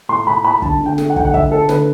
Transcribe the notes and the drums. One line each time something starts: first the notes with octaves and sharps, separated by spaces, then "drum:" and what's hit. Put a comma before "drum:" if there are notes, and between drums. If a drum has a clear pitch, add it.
A2 C6
A2 B5
A3 B5
D3 A5, drum: kick
D3
G5
A3, drum: snare
F#5
D3 G5, drum: kick
F#5
D3 E5, drum: kick
A3 A4
D3 B4, drum: snare